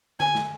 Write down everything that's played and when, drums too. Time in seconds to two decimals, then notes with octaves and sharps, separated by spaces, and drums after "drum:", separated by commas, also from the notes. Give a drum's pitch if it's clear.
0.20 G#5, drum: tom D3
0.35 drum: snare